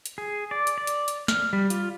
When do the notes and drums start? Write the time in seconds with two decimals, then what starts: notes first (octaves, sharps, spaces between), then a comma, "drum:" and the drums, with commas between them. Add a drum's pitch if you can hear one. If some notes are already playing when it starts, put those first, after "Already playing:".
0.06 drum: hi-hat
0.18 G#4
0.51 D5
0.67 drum: hi-hat
0.78 D5
0.87 drum: hi-hat
1.08 drum: hi-hat
1.28 F6, drum: snare
1.53 G3
1.70 F4, drum: hi-hat